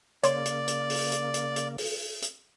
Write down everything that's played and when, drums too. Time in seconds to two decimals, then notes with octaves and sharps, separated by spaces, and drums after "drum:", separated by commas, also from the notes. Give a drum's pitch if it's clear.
0.23 C#3 A#3 C#5 D5 C6 D6, drum: hi-hat
0.46 drum: hi-hat
0.68 drum: hi-hat
0.90 drum: open hi-hat
1.12 drum: hi-hat
1.34 drum: hi-hat
1.56 drum: hi-hat
1.78 drum: open hi-hat
2.22 drum: hi-hat